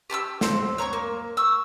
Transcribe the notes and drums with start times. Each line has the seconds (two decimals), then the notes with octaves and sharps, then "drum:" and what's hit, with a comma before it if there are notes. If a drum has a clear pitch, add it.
0.10 G4 A5 C6 E6
0.41 C4 C5, drum: snare
0.78 C#5 A#5 C6 C#6
0.93 A#3
1.37 C#6 E6